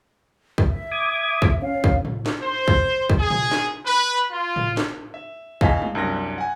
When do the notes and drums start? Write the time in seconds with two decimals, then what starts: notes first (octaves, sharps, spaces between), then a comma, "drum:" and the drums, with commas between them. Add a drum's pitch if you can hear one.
0.58 drum: kick
0.71 E5
0.91 D6 D#6 G#6
1.42 drum: kick
1.62 C#4 F5
1.84 drum: kick
2.05 drum: tom A2
2.26 drum: snare
2.42 C5
2.68 drum: kick
3.10 drum: kick
3.19 G#4
3.30 drum: tom A#2
3.51 drum: snare
3.85 B4
4.31 F4
4.56 drum: tom A2
4.77 drum: snare
5.14 E5
5.61 E2 D#5 F5 G#5 A5 B6, drum: kick
5.82 drum: tom G3
5.95 C2 F#2 D4 A#6
6.38 F#5 G#5